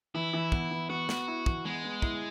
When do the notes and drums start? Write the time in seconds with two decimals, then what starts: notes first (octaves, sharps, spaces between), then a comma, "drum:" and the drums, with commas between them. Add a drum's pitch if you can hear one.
0.14 E3 E4
0.33 E3
0.52 B3, drum: kick
0.71 E3
0.89 B3 F#4
1.09 B3, drum: snare
1.28 E4
1.46 E3, drum: kick
1.65 G#3 B3
1.84 B3
2.02 E4, drum: kick